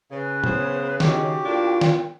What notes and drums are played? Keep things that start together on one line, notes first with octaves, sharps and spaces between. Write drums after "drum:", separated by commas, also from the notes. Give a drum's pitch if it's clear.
C#3 B4
B3 C5, drum: tom
D#3 F#4 G4 G5, drum: snare
A2 A#3 D4 F4
drum: snare